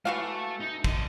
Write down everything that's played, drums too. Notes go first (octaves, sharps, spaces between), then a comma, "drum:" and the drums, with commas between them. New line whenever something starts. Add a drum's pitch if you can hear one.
E3 A3 F#4 F5
D#4
D3 D#5, drum: kick